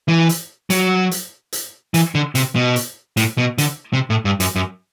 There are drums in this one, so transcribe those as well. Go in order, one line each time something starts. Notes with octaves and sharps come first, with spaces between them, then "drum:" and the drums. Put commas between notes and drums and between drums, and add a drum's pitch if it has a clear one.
E3
drum: hi-hat
F#3, drum: hi-hat
drum: hi-hat
drum: hi-hat
E3, drum: hi-hat
D3
C3, drum: hi-hat
B2
drum: hi-hat
A2, drum: hi-hat
B2
D3, drum: hi-hat
C3
A2
G2
F#2, drum: hi-hat
F#2